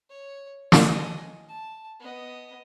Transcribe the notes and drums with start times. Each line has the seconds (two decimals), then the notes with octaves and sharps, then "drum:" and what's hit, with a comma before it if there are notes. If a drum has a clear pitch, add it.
0.10 C#5
0.72 D#5 G#5, drum: snare
1.49 A5
2.00 B3 D#5